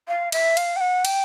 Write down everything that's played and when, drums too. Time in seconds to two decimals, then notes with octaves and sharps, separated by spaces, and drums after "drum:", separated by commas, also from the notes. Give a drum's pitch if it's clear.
0.08 F5
0.32 E5, drum: cymbal
0.57 F5, drum: cymbal
0.76 G5
0.81 F#5
1.05 G5, drum: cymbal